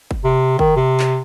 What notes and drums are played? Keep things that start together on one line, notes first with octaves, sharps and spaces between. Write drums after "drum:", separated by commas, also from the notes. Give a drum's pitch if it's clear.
drum: kick F#1
C3
D#3, drum: kick F#1
C3
drum: clap